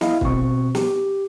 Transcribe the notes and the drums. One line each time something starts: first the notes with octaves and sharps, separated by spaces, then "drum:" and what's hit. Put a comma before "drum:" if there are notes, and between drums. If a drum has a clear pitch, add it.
E4 D#5 F5, drum: snare
B2 C4 C#6, drum: kick
G4, drum: snare